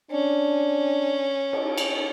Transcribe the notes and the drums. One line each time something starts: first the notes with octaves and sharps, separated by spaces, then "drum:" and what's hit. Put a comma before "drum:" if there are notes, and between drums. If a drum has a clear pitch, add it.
C#4 D4
drum: cymbal
drum: cymbal